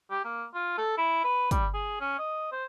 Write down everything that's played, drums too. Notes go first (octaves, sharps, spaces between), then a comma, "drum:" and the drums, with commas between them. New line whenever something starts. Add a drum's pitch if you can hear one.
G4
A#3
F4
A4
E4
B4
G3, drum: kick, hi-hat
G#4
C#4
D#5
C5